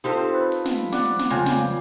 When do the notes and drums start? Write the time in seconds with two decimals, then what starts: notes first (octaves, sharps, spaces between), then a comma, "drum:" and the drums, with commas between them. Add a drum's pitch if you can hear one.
0.04 C4 D#4 F4 G4 A4 C5
0.34 B4
0.52 drum: hi-hat
0.65 drum: snare
0.79 drum: hi-hat
0.92 D5 F#5, drum: snare
1.06 drum: hi-hat
1.19 drum: snare
1.30 F2 C#3 F4 G5 G#5, drum: hi-hat
1.46 drum: snare
1.60 drum: hi-hat